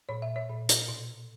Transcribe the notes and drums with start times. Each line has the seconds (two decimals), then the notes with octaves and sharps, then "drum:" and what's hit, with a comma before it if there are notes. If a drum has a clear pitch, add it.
0.09 A#2 C#5
0.22 E5
0.36 C#5
0.49 A#2
0.69 drum: hi-hat
0.88 B2